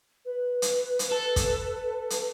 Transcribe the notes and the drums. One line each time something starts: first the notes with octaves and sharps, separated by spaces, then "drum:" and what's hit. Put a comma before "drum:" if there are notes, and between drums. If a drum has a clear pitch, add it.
B4
drum: hi-hat
drum: hi-hat
A4
drum: kick, hi-hat
drum: hi-hat